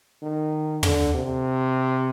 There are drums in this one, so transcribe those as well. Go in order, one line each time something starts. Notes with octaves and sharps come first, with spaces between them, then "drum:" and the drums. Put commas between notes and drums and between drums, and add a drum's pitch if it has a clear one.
D#3
D3, drum: tom
C3